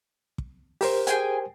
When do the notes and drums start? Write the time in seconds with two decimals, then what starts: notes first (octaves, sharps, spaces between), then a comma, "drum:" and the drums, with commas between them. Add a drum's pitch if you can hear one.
0.38 drum: kick
0.81 G4 A#4 C5, drum: open hi-hat
1.07 G#4 G5 G#5, drum: hi-hat